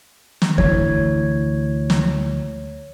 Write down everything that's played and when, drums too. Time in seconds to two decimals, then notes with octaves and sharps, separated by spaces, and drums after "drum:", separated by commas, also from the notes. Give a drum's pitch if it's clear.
0.42 drum: snare
0.58 D2 E3 C#5, drum: kick F2
1.90 drum: snare